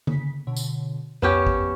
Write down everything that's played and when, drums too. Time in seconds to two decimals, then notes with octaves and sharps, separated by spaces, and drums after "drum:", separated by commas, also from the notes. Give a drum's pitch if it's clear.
0.07 C#3 B6, drum: tom D3
0.47 B2 D3 C#5
0.57 drum: tambourine
1.22 C2 F2 B3 C#4 G4 E7
1.47 drum: kick